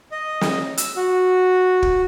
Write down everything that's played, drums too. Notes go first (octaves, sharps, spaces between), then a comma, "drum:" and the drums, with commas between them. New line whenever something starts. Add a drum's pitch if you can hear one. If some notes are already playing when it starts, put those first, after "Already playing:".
D#5
drum: snare
E6, drum: hi-hat
F#4
drum: kick